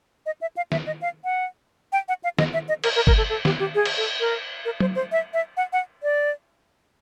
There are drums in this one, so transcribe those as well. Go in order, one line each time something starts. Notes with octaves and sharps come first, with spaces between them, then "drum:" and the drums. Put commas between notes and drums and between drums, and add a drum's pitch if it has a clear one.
D#5
E5
F5
E5, drum: snare
D#5
F5
F#5
G5
F#5
F5
D#5, drum: snare
E5
D#5
A#4, drum: cymbal
A#4
A#4, drum: kick G1
A4
A4
G4, drum: snare
G4
G#4
drum: cymbal
A4
A#4
A#4
C5, drum: tom
C5
E5
E5
F#5
F#5
D5